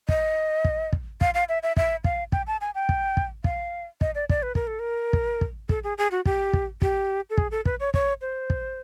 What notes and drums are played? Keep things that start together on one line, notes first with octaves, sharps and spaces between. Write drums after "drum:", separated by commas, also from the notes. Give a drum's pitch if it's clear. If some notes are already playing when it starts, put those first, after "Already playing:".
D#5, drum: kick
drum: kick
drum: kick
F5, drum: kick
F5
E5
E5
E5, drum: kick
F5, drum: kick
G5, drum: kick
A5
G#5
G5
drum: kick
drum: kick
F5, drum: kick
D#5, drum: kick
D5
D5, drum: kick
B4
A#4, drum: kick
A4
A#4
drum: kick
drum: kick
A4, drum: kick
G#4
G#4
F#4
G4, drum: kick
drum: kick
G4, drum: kick
A4
G#4, drum: kick
A4
B4, drum: kick
C#5
C#5, drum: kick
C5
drum: kick